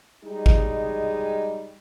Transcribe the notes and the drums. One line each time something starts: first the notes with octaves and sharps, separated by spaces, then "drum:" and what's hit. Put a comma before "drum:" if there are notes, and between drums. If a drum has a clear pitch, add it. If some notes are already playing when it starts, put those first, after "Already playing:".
G3 G#3 D#4 G#4
drum: kick G#1